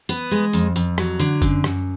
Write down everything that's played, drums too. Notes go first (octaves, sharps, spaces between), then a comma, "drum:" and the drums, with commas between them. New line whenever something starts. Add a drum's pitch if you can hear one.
B3, drum: tambourine
G#3, drum: tambourine
F2, drum: tambourine
F2, drum: tambourine
F#3, drum: rim click
D3, drum: tambourine
F#2, drum: kick F#1, tambourine
F#2, drum: rim click